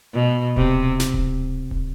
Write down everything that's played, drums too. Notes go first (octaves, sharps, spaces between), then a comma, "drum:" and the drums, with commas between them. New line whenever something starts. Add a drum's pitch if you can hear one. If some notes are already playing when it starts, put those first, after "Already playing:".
B2
C3, drum: kick D1
drum: snare
drum: kick D1
drum: kick D1